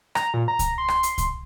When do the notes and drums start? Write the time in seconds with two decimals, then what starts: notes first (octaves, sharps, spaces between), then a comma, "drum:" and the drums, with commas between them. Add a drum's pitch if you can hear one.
0.15 A#5, drum: rim click
0.34 A#2
0.48 A#5
0.59 drum: kick C2, hi-hat
0.78 C6
0.88 drum: rim click
1.03 drum: hi-hat
1.18 drum: kick C2, hi-hat